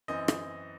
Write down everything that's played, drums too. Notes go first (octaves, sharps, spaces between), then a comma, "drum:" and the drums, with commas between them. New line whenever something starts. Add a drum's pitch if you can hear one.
F#2 E3 C4 D#5
drum: rim click